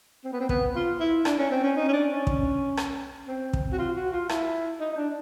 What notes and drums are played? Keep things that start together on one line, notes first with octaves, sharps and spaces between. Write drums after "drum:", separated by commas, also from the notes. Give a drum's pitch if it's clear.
C4
B3
C4
B3, drum: kick
F4
E4
D4, drum: rim click
C#4
C4
C#4
D#4
C#4
D4
C#4
drum: kick
drum: rim click
C4
drum: kick
F#4
F4
F#4
F4
E4, drum: rim click
D#4
D#4
D4